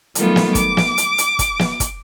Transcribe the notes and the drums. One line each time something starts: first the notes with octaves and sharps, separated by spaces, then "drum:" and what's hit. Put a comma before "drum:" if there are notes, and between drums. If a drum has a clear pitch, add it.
D#3 F#3 G3 A3 B3 F4, drum: hi-hat
drum: snare
D6, drum: kick, hi-hat
drum: snare
drum: hi-hat
drum: hi-hat
drum: kick, hi-hat
drum: snare
drum: kick, hi-hat